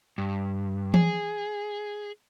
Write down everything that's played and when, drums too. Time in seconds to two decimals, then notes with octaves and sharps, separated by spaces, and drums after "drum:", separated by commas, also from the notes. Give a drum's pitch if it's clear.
0.18 G2
0.94 G#4, drum: tom E3